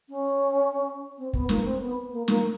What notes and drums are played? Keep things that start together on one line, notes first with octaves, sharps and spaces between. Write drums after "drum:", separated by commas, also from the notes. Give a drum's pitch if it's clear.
C#4
C4
B3, drum: kick
A#3, drum: snare
C4
B3
A#3
A#3, drum: snare